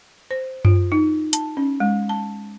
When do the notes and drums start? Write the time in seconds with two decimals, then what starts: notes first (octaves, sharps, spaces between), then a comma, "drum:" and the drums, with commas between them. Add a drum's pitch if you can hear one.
0.31 C5
0.65 F4, drum: tom F#2
0.92 D#4
1.33 A5, drum: hi-hat
1.57 C#4
1.80 G#3
2.09 A5